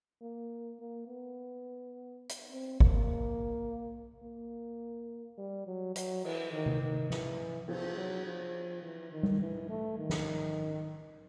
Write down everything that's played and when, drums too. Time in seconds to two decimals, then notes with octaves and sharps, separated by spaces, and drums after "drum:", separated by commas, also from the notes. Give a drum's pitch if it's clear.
0.22 A#3
0.79 A#3
1.08 B3
2.29 drum: hi-hat
2.51 C4
2.80 A#3, drum: kick
4.23 A#3
5.38 G3
5.67 F#3
5.96 F#3, drum: hi-hat
6.25 E3, drum: cymbal
6.53 D#3
6.66 drum: tom C3
6.82 D#3
7.10 E3, drum: snare
7.68 F3, drum: cymbal
7.97 F#3
8.26 F3
8.82 E3
9.12 D#3
9.23 drum: tom G3
9.41 E3
9.69 A3
9.98 D#3
10.09 drum: snare